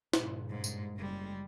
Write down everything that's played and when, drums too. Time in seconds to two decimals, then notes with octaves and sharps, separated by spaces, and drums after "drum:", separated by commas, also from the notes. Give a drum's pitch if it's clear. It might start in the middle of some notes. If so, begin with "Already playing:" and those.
0.13 G2 A#2 C#3, drum: snare
0.49 G#2 G#3
0.64 drum: tambourine
0.97 F#1 G3 G#3